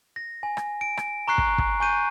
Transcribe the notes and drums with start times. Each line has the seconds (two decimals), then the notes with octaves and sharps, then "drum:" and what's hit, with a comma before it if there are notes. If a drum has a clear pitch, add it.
0.16 A#6
0.43 G#5
0.57 drum: rim click
0.81 D7
0.97 drum: rim click
1.28 A#5 C#6 F#6 C7
1.38 drum: kick
1.58 drum: kick
1.80 G#5 C#6 G6 D#7